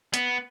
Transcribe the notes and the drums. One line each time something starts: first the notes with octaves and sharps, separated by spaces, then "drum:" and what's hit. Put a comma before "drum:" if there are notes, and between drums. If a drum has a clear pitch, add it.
B3, drum: hi-hat